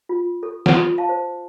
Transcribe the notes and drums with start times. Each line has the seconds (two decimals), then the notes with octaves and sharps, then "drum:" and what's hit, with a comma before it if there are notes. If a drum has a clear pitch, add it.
0.09 F4
0.43 A4
0.66 drum: snare
0.76 F4
0.98 F5 A5
1.09 C5